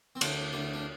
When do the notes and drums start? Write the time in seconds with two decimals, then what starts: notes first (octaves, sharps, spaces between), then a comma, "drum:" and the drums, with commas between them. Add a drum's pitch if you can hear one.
0.15 C4
0.21 D2 D4, drum: cymbal
0.53 D2 D4
0.74 D4